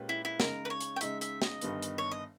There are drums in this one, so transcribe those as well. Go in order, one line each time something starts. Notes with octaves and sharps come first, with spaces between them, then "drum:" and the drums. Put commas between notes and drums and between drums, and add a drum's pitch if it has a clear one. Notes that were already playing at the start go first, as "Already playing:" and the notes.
Already playing: A#2 G#3 C#4 G4 B4
E4
E4
C#3 G#3 D#4 A#4, drum: snare
B4
C#5
drum: hi-hat
G5
C#3 G#3 D#4 E5, drum: hi-hat
E5, drum: hi-hat
D#5, drum: snare
G1 G2 D#3 G3 B3, drum: hi-hat
drum: hi-hat
C#5
D#5